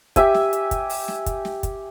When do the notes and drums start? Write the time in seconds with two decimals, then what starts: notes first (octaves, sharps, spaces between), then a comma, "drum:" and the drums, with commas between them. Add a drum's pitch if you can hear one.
0.16 G4 E5 G#5, drum: kick, hi-hat
0.34 drum: snare
0.53 drum: hi-hat
0.71 drum: kick, hi-hat
0.90 drum: open hi-hat
1.08 drum: snare
1.26 drum: kick, hi-hat
1.45 drum: snare
1.63 drum: kick, hi-hat